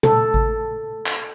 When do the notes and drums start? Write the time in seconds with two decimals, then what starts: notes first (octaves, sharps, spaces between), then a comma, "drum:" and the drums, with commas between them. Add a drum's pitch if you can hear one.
0.03 A4, drum: tom A#2
0.34 drum: kick G#1
1.06 drum: clap